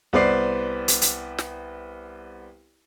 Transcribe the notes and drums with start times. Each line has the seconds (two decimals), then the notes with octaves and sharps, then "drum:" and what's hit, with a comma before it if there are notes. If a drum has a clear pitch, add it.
0.13 C2 B3 B4 C5 D5 C7
0.88 drum: hi-hat
1.02 drum: hi-hat
1.38 drum: snare